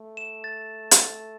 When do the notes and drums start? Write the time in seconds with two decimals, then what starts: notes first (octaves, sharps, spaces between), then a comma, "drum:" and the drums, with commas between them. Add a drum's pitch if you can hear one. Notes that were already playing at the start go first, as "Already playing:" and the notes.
Already playing: A3
0.17 E7
0.44 A6
0.91 drum: hi-hat